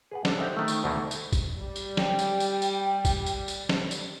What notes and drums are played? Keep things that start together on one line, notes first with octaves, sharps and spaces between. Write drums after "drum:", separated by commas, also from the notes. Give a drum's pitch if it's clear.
G#4 B4 F#5
D4 A4, drum: snare
D#4 G4 A4 C5 E5 F#5
D#3 A3
drum: tambourine
D2 B2 D#3 A3 A#3
drum: tambourine
drum: kick, tambourine
G3
drum: tambourine
G5, drum: snare
drum: tambourine
drum: tambourine
drum: tambourine
drum: kick, tambourine
drum: tambourine
drum: tambourine
drum: snare
drum: tambourine